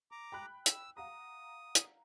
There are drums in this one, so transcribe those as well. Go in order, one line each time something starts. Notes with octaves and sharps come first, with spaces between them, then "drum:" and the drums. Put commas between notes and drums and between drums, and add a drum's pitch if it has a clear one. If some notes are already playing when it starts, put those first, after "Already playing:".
A#5 D6
G5 B5 F#6
E6, drum: hi-hat
F5 F#5 A#5 D#6
drum: hi-hat